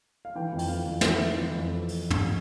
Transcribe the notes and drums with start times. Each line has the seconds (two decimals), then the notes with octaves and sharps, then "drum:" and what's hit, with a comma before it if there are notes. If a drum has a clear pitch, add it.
0.25 F5
0.35 E3 G5
0.52 F2
0.59 G5, drum: open hi-hat
0.69 E3 F5
0.85 F2
1.01 E3 E5, drum: snare
1.18 E3
1.34 E3
1.51 F2
1.89 drum: open hi-hat
2.10 drum: tom